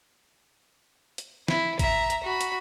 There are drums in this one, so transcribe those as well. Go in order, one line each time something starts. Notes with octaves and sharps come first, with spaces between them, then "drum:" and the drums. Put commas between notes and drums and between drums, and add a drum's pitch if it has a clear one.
drum: hi-hat
E4, drum: snare
E5 A#5, drum: kick A1, hi-hat
drum: hi-hat
F#4 B5
drum: hi-hat